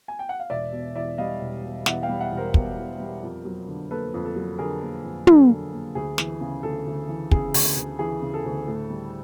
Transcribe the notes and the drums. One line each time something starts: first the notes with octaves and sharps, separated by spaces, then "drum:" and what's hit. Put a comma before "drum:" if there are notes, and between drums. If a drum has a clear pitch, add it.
G#5
G5
F#5
F5
E1 D5 E5
B2
E2 D5 E5
G3 D#5 F5
E1
B2
E2 E5 F#5, drum: snare
F5 G5
G3
E5 F#5
E1
A#4 C5
B2, drum: kick
E2
G3
F2
F#3
D3
A#3 A4 B4
F2
A4
F#3
D3 G#4 A#4
A#3
F2
F#3 A4, drum: tom
D3
A#3
D2 G#4
E3, drum: snare
C#3
D2 A4
D2
E3
C#3 G#4, drum: kick
D2, drum: open hi-hat
D2
E3 G#4
C#3
A4
D2
A2
G3